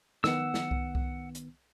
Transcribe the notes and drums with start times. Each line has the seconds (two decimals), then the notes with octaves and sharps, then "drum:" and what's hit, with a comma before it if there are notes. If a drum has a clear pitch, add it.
0.24 D#3 B3 F#5 E6, drum: snare
0.54 drum: snare
0.71 drum: kick C2
0.95 drum: kick C2
1.35 drum: hi-hat